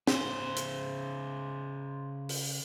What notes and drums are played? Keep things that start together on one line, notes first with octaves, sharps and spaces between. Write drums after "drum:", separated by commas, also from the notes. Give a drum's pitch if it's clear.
C#3 C5, drum: snare
drum: hi-hat
drum: open hi-hat